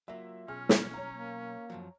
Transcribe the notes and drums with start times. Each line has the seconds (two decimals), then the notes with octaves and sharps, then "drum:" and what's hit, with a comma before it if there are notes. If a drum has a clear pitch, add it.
0.08 F#3 A#3 F4 E5
0.48 B1 C#4 G#4 F6
0.69 drum: snare
0.94 C#5 A#5
1.14 A#3
1.70 F#2 F3 F#3